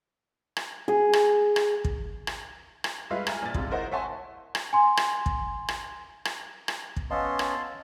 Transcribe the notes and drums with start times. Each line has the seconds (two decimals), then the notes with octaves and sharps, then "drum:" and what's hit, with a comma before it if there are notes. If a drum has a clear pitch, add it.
0.57 drum: rim click
0.88 G#4
1.13 drum: rim click
1.56 drum: rim click
1.85 drum: kick
2.27 drum: rim click
2.84 drum: rim click
3.10 G3 G#3 F4 B4 E5 F5
3.27 G#5 A#5 F6, drum: rim click
3.42 A#1 G#6 A6
3.54 F2 G#2 C3 F4, drum: kick
3.71 E4 A#4 C5 D#5 F#5
3.92 C#5 E5 F#5 G#5 A5 C6
4.55 drum: rim click
4.73 G#5 C6
4.97 drum: rim click
5.26 drum: kick
5.68 drum: rim click
6.25 drum: rim click
6.68 drum: rim click
6.96 drum: kick
7.11 B3 C#4 D#5 F5 A5 C6 E6
7.39 drum: rim click